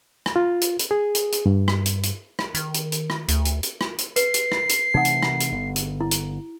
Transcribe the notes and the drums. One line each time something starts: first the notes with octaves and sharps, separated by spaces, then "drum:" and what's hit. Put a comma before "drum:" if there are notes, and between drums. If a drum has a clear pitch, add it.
drum: rim click
F4
drum: hi-hat
drum: hi-hat
G#4
drum: hi-hat
drum: hi-hat
G2
drum: rim click
drum: hi-hat
drum: hi-hat
drum: rim click
D#3, drum: hi-hat
drum: hi-hat
drum: hi-hat
drum: rim click
D2, drum: hi-hat
drum: hi-hat
drum: hi-hat
drum: rim click
drum: hi-hat
B4 C7, drum: hi-hat
drum: hi-hat
drum: rim click
drum: hi-hat
C3 E3 A3 D#4 F#5
drum: hi-hat
drum: rim click
drum: hi-hat
G1 D3 B3
drum: hi-hat
E4
drum: hi-hat